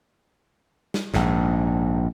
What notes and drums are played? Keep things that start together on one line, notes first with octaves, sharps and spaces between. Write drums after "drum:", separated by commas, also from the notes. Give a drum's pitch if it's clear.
drum: snare
A#1 G#2, drum: snare